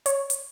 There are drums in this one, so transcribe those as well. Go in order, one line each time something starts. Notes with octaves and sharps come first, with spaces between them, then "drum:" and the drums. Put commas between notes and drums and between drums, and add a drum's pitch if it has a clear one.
C#5, drum: hi-hat
drum: hi-hat